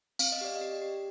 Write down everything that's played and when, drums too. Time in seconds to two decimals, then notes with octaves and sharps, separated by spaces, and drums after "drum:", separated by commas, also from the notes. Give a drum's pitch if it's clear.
0.19 C4 F5, drum: tambourine
0.32 D#5
0.41 G4 D5
0.56 D#5
0.61 G4
0.82 G4